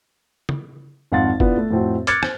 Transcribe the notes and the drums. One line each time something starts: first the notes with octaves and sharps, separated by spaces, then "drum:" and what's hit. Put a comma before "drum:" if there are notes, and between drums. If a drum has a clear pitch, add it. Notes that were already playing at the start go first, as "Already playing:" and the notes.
drum: tom
G#1 F2 F5 F#5 C6 A6
B3 D4 E4 F4, drum: kick
A3
F2 A2 C4 F#4
D6 F6 F#6 G#6 A6 C#7, drum: hi-hat
C5, drum: rim click